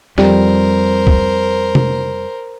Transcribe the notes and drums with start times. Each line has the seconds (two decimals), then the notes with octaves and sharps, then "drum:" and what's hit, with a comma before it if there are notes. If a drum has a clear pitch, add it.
0.18 F2 G3 A#4 C5, drum: snare
1.07 drum: kick
1.75 drum: tom C3